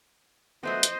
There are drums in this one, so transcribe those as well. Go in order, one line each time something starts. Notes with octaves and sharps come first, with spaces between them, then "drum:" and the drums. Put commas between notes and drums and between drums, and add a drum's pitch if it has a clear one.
F#3 A3 B3 C5 D#5
drum: hi-hat